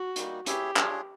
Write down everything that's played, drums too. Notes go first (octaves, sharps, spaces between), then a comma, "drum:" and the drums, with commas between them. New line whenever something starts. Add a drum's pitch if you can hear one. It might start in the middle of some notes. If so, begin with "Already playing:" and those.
Already playing: F#4
G3 A#3 D#4, drum: hi-hat
E4 G4 G#4 C#5 E5, drum: hi-hat
D4 F4 G#4 C#5, drum: clap